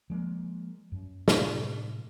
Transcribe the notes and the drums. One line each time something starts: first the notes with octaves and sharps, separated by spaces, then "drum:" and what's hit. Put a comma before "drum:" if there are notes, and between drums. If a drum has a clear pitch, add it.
F3 G#3 A#3
F#2
A2 C3, drum: snare